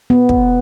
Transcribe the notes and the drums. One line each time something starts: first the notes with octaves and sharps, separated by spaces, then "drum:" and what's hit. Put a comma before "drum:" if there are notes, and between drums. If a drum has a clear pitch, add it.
B3
drum: kick